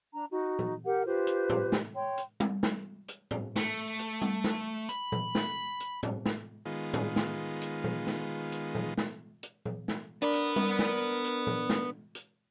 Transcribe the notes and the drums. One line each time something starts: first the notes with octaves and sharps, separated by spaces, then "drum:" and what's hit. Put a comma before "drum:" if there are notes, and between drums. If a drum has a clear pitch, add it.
D4 A#5
D#4 F#4
drum: tom
G4 A#4 F#5
F4 G4 B4 C5
drum: hi-hat
drum: tom A2
drum: snare
C#5 G5 C6
drum: hi-hat
drum: tom G3
drum: snare
drum: hi-hat
drum: tom A2
A3, drum: snare
drum: hi-hat
drum: tom G3
drum: snare
B5, drum: hi-hat
drum: tom
drum: snare
drum: hi-hat
drum: tom A2
drum: snare
D#3 G#3 B3 F4
drum: tom A2
drum: snare
drum: hi-hat
drum: tom
drum: snare
drum: hi-hat
drum: tom
drum: snare
drum: hi-hat
drum: tom
drum: snare
B3 D4 A#4 D5 B5
drum: hi-hat
drum: tom G3
drum: snare
drum: hi-hat
drum: tom
drum: snare
drum: hi-hat